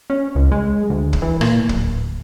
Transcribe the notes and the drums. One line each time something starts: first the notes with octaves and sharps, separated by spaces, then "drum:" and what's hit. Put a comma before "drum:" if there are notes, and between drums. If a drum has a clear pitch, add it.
C#4
C#2
G#3
D2
drum: kick
E3
A#2, drum: rim click
D1, drum: kick